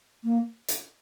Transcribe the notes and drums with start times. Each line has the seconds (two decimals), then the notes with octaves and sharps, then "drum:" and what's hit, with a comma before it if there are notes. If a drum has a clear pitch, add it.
0.24 A#3
0.68 drum: hi-hat